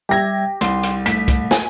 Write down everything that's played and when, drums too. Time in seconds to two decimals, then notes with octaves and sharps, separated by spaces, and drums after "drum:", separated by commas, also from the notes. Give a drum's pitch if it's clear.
0.09 G3 G4 E5 G#6 A#6
0.61 C2 C6, drum: hi-hat
0.83 drum: hi-hat
1.06 A3 B6, drum: hi-hat
1.28 drum: kick C2, hi-hat
1.51 G#5, drum: snare